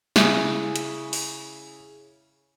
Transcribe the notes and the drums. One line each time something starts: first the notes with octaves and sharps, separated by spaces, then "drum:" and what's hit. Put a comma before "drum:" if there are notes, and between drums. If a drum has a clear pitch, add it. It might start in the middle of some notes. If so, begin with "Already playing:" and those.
C#3 E4 G#4, drum: snare
drum: hi-hat
drum: open hi-hat